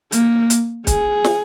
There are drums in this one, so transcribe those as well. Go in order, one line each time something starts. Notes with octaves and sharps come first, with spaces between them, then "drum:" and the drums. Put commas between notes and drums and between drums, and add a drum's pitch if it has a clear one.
A#3, drum: hi-hat
drum: hi-hat
G#4, drum: kick, hi-hat
drum: snare